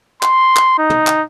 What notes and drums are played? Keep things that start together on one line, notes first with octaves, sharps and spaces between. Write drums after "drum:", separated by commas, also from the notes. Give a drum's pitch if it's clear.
C6, drum: clap
drum: clap
D#4
drum: tom
drum: clap